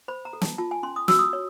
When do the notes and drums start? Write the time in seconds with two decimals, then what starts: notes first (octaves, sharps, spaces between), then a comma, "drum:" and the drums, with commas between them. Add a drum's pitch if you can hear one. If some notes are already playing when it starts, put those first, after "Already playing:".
0.08 C5 B5
0.25 A#5
0.33 A4
0.42 A5, drum: snare
0.58 F4 A5
0.71 G#5
0.83 C#4 C6
0.96 D#6
1.08 F#4 E6, drum: snare
1.19 D#6
1.33 C#5